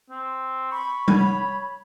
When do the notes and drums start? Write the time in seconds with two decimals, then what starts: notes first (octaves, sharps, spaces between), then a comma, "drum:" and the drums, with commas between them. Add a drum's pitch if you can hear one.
0.10 C4
0.72 B5 C#6
1.08 C#5, drum: tom G3